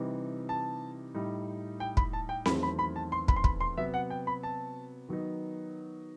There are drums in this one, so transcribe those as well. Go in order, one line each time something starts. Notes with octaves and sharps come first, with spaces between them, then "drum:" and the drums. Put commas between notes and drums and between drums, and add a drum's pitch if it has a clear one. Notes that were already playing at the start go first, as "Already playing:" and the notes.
Already playing: C3 E3 G3 D#4
A5
A2 G3 D#4
G5
B5, drum: kick
A5
G5
E2 D#3 F#3 A3 C4 B5, drum: snare C4
B5
B5
A5
C6
B5, drum: kick
C6
B5, drum: kick
C6
C3 F#3 B3 E5
F#5
G5
B5
A5
D#3 F#3 B3 D#4